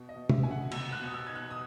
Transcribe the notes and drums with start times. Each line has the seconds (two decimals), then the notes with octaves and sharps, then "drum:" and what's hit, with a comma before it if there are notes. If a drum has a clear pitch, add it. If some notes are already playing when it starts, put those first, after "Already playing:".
Already playing: B2
0.09 D#5
0.16 B2
0.29 E5, drum: tom
0.43 B2 G#5
0.51 F#5
0.71 B2 E6, drum: cymbal
0.92 F#6
1.00 B2
1.05 D#6
1.14 E6
1.27 D#4 G#6
1.35 F#6
1.50 D#6